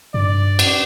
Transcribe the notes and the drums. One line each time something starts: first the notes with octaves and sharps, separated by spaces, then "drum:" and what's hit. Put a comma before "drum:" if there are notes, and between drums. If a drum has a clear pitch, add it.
G2 D5
drum: cymbal